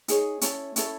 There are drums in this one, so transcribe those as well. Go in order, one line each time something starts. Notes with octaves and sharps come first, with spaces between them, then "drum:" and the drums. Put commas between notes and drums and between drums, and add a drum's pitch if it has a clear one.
D#4 G#4 C#5, drum: hi-hat
C#4 E4 A4 C#5, drum: hi-hat
C#4 E4 A4 C#5, drum: hi-hat